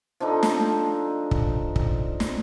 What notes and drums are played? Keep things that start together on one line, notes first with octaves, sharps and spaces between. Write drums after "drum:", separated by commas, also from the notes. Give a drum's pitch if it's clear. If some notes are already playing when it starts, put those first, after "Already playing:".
F3 D4 D#4 A4
drum: snare
drum: kick
drum: kick
drum: snare